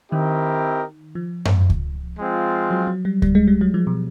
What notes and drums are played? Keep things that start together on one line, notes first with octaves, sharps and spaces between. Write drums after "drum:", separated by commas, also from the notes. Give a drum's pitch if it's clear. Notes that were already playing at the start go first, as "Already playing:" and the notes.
D#3 C4 E4 G4 A#4 D#5
F3
drum: tom F#2
drum: kick C#2
G#3 C4 F4
F#3
F#3
G3
G3, drum: kick C#2
G#3
G3
F#3
F3
B2